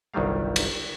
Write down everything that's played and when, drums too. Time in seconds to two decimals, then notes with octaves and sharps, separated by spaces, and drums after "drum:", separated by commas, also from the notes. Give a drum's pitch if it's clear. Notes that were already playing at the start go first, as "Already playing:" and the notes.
0.14 G1 C2 D#3 F#3 G3 F5
0.56 drum: cymbal